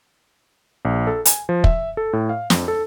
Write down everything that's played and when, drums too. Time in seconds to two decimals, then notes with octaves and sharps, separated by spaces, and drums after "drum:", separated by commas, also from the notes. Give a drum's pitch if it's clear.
0.85 A#1
1.07 A4
1.25 G#5, drum: hi-hat
1.49 F3
1.64 E5, drum: kick
1.97 A4
2.13 A2
2.29 F5
2.50 F2, drum: snare
2.68 A4